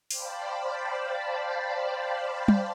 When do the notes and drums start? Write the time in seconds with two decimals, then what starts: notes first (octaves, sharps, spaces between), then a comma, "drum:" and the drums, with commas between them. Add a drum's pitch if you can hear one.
0.11 C5 D5 F5 G5 A5 B5, drum: open hi-hat
2.48 drum: tom